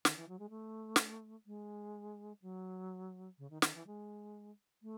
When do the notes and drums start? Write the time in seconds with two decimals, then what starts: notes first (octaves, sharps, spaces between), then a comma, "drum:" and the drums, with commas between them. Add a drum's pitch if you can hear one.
0.05 D#3, drum: snare
0.17 E3
0.28 F#3
0.39 G#3
0.50 A3
0.96 drum: snare
1.46 G#3
2.42 F#3
3.38 C#3
3.50 D#3
3.62 D#3, drum: snare
3.74 E3
3.87 G#3
4.82 A3